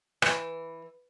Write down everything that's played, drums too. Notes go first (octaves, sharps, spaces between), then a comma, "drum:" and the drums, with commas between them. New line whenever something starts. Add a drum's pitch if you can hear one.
E3, drum: rim click